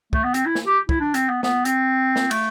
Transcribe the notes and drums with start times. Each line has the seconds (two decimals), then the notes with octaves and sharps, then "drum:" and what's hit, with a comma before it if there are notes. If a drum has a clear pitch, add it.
0.13 A3, drum: kick
0.24 B3
0.34 C4, drum: hi-hat
0.46 E4
0.55 drum: snare
0.67 G4
0.89 E4, drum: kick
1.00 D4
1.14 C4, drum: hi-hat
1.29 B3
1.43 B3, drum: snare
1.65 C4, drum: hi-hat
2.16 drum: snare
2.31 A3, drum: cymbal